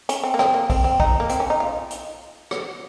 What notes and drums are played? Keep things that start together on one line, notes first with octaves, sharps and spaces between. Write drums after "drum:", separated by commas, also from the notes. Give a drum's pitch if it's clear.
C#4, drum: hi-hat
C4
A#3
C4, drum: rim click
A#3
C4, drum: kick, open hi-hat
C4
D#4, drum: kick
A#3
C4, drum: hi-hat
C#4
D#4
F4
drum: hi-hat
drum: rim click